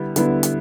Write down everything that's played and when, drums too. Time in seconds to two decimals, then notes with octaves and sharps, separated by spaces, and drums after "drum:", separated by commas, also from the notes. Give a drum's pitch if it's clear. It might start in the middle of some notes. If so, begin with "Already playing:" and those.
Already playing: D3 G3 B3 E4
0.16 D3 G3 B3 E4, drum: hi-hat
0.43 drum: hi-hat